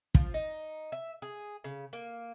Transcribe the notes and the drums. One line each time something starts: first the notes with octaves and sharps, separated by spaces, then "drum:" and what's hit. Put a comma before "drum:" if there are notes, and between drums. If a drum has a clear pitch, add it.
F3, drum: kick
D#4
E5
G#4
C#3
A#3